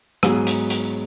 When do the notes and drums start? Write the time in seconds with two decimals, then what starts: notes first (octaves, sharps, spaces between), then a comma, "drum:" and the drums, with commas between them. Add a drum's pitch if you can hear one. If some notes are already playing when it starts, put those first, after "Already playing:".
0.23 G#2 F#3 B3 G#4, drum: rim click
0.47 drum: hi-hat
0.70 drum: hi-hat